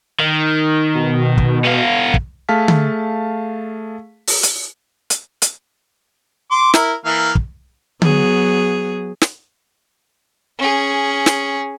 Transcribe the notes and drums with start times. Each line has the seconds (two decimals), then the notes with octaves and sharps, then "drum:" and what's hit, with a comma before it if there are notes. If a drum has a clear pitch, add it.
0.20 D#3
0.95 B2
1.38 drum: kick
1.65 B3 F5
2.14 drum: kick
2.49 A3 G#4 F5 A5 F6 B6
2.68 drum: tom D3
4.27 drum: open hi-hat
4.43 drum: hi-hat
5.10 drum: hi-hat
5.42 drum: hi-hat
6.51 C6 D6
6.74 E4 A#4, drum: snare
7.05 E3 A#3 F5
7.35 drum: kick
8.02 F#3 B3 G#4, drum: tom D3
9.21 drum: snare
10.59 C#4 G#4
11.26 drum: snare